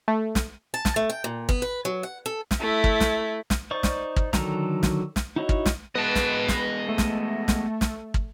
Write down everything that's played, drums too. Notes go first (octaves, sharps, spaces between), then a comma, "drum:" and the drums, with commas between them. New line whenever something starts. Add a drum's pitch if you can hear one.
A3
drum: snare
A5
drum: snare
A3
G5
A#2
B3, drum: kick
B4
F#3
F#5
A4
drum: snare
A3 E4
drum: kick
drum: snare
drum: snare
D#4 C5 D5 C#6
drum: snare
drum: kick
D3 D#3 F#3 A4 A#5, drum: snare
drum: snare
drum: snare
D#4 E4 F#4 C#5 D#5
drum: kick
drum: snare
G#3 B3 B4 D#5 A5
drum: snare
drum: snare
A3
drum: snare
drum: snare
drum: snare
drum: kick